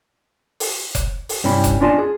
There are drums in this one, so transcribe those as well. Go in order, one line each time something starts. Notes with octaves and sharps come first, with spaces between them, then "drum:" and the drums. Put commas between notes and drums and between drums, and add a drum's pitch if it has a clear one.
drum: open hi-hat
drum: kick F1, hi-hat
drum: open hi-hat
G2 C3 C#4 E4 B5
drum: kick F1, hi-hat
C#4 D4 F4 D#5 G#5 A5
G#4